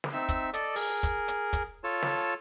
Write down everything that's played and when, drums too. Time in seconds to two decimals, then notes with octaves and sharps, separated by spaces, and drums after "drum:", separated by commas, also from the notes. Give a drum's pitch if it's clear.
0.04 drum: snare
0.13 C4 D#4 E5 E6
0.29 drum: kick, hi-hat
0.53 A4 D5 D#5, drum: hi-hat
0.75 G#4 A#4, drum: open hi-hat
1.03 drum: kick, hi-hat
1.28 drum: hi-hat
1.53 drum: kick, hi-hat
1.84 F4 A4 C#5 A5
2.03 drum: snare